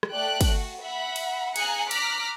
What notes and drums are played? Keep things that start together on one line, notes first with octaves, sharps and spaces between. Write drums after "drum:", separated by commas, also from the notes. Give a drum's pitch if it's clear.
drum: rim click
A3 D5 G5 F#6
drum: kick, cymbal
F#4
E5 F#5 B5
drum: cymbal
G#4 F5 G#5 A#5 F#6 C#7, drum: cymbal
A#5 D6 F6 F#6 A#6 B6, drum: cymbal